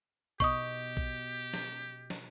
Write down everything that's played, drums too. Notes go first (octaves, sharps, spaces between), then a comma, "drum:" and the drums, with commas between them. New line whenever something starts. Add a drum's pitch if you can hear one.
B2 B3 G4 D#5 C#6 D#6, drum: kick A#1
drum: kick A#1
drum: snare
drum: snare